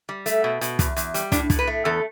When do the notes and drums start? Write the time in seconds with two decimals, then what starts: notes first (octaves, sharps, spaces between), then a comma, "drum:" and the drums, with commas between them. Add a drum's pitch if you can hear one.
0.09 G3
0.26 A3, drum: hi-hat
0.44 B2
0.61 B2, drum: hi-hat
0.79 E2, drum: kick, hi-hat
0.97 E2, drum: hi-hat
1.14 G3, drum: hi-hat
1.32 A2 D4, drum: kick, hi-hat
1.50 A2, drum: kick, hi-hat
1.59 B4
1.67 A3
1.85 E2 A4